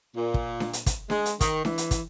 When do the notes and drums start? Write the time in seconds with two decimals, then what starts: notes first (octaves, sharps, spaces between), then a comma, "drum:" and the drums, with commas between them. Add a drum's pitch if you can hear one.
0.16 A#2
0.34 drum: kick
0.60 drum: snare D4
0.73 drum: hi-hat
0.86 drum: kick, hi-hat
1.10 G#3, drum: snare D4
1.26 drum: hi-hat
1.41 D#3, drum: kick, hi-hat
1.65 E3, drum: snare D4
1.78 drum: hi-hat
1.91 drum: kick, hi-hat